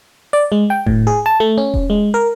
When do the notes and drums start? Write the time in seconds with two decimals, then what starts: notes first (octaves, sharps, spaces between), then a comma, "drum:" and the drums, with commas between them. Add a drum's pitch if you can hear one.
0.33 D5
0.52 G#3
0.70 G5
0.87 A2, drum: kick E1
1.07 G#4
1.26 A5
1.40 A3
1.58 C#4
1.74 drum: kick E1
1.90 G#3
2.14 A#4